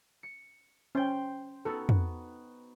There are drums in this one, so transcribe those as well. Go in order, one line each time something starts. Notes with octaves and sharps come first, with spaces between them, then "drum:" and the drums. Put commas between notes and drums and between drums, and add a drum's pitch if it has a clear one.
C#7
C#4 C5 G5
B3 D#4 F#4 A4
drum: tom